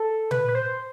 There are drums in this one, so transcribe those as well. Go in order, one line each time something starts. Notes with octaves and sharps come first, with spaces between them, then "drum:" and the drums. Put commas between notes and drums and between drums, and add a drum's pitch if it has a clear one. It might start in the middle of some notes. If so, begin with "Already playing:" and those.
Already playing: A4
B4, drum: tom A#2
B4
C5